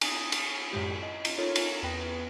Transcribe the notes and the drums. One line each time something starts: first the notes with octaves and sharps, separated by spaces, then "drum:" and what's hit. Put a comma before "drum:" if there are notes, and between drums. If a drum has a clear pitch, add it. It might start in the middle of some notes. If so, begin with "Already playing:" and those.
G#5 D#6, drum: cymbal
drum: cymbal
F#2 A2 D#3 G#3 G4 D5
D#5
drum: cymbal
D#4 F4 A4 A#4 C#5
drum: cymbal
E2 B3 B4 G5 D#6 A#6